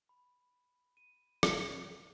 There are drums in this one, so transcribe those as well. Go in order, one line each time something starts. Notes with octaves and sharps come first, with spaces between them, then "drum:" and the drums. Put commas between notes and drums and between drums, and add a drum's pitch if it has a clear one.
B5
D#7
drum: rim click
F7